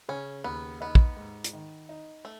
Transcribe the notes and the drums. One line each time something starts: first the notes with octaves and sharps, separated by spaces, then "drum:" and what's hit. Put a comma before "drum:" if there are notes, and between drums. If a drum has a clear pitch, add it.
C#3 C#4
D#2 B3
B3 D#4
drum: kick
G#2
drum: hi-hat
D#3
D#4
A3